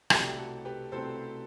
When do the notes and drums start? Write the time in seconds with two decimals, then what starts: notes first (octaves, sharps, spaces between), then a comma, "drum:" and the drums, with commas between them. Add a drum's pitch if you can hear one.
0.10 C2 B2 A3 C4 G4, drum: rim click
0.38 F#4 A4
0.65 G4 B4
0.92 C2 B2 A3 C4 A4 C5